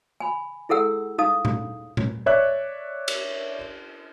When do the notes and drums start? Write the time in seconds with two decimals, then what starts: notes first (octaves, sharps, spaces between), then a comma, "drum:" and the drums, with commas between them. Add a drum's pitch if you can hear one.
0.20 G#5 B5
0.69 E4 G#4 A4 F#5 E6
1.18 D#4 F5 A5 D#6
1.45 drum: tom A#2
1.97 drum: tom A#2
2.26 C#5 D5 E5 F#6
3.08 drum: cymbal